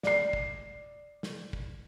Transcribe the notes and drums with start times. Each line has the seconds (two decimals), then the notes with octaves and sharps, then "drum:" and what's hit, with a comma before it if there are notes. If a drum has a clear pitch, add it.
0.03 D5 C7, drum: snare
0.33 drum: kick
1.23 drum: snare
1.53 drum: kick